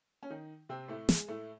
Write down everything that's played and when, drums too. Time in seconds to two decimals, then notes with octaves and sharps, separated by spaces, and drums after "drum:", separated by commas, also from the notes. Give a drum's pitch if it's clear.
0.23 C#4
0.30 D#3 D#4
0.69 C3 C4
0.88 A2 A3
1.09 G#3, drum: snare
1.28 A2 A3